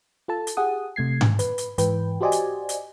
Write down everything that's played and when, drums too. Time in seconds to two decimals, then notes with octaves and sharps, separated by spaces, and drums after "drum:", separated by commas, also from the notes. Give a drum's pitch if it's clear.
0.28 F4 A4 A5
0.47 drum: hi-hat
0.57 G4 G#4 F#5 D#6
0.96 C3 A3 G#6 C7
1.21 drum: tom G#2
1.39 B4, drum: hi-hat
1.58 drum: hi-hat
1.78 G#2 E3 B4 G5, drum: hi-hat
2.21 F#4 G4 C5 D5 D#5 G#5
2.32 drum: hi-hat
2.69 drum: hi-hat